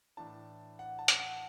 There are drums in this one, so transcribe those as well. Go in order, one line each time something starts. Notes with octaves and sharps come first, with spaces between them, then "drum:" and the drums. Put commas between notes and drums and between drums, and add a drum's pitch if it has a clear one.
A2 E3 D4 A5
F#5
A5
drum: hi-hat
F#5